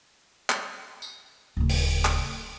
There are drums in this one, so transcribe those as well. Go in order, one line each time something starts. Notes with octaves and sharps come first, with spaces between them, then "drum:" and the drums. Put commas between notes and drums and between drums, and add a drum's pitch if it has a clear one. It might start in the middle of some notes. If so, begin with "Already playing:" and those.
drum: clap
drum: tambourine
D1 C#3
drum: open hi-hat
drum: clap